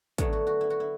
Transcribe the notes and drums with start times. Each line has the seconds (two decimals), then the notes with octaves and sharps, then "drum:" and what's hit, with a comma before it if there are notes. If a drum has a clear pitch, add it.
0.18 D3 F#3 A3 B3, drum: kick, hi-hat
0.33 F#4
0.47 F#4
0.61 E4
0.70 F#4
0.80 E4